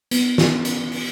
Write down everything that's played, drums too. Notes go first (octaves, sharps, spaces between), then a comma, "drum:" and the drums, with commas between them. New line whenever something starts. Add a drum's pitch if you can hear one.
B3, drum: hi-hat
drum: snare
drum: hi-hat
drum: open hi-hat